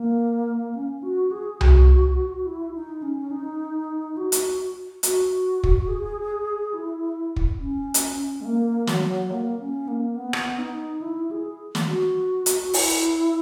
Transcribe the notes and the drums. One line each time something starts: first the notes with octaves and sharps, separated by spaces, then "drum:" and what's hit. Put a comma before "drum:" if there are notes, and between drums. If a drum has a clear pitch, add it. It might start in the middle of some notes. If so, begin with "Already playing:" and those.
Already playing: A#3
C#4
F#4
G#4
F#4, drum: tom C2
E4
D#4
C#4
D#4
F#4
drum: hi-hat
F#4, drum: hi-hat
drum: kick
G#4
E4
drum: kick
C#4
drum: hi-hat
G#3
A#3
F#3, drum: snare
A#3
C#4
A#3
B3
drum: rim click
D#4
E4
G#4
drum: snare
F#4
drum: hi-hat
E4, drum: open hi-hat